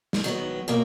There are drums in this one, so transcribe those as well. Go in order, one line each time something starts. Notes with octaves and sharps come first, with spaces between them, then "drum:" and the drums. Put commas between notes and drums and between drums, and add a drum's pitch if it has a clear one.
drum: snare
D#3 F#3 B3
B2 F#3 A#3